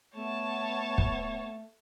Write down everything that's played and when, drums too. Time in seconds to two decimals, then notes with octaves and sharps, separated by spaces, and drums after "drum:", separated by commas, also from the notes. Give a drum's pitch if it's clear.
0.16 A3 B3 C#5 A5
0.98 drum: kick